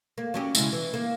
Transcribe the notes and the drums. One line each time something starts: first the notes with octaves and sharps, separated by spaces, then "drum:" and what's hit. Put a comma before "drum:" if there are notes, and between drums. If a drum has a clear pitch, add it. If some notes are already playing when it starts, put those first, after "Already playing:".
A#3
F#3 C#4 G4
C#3 G#3 E4, drum: tambourine
E3
A#3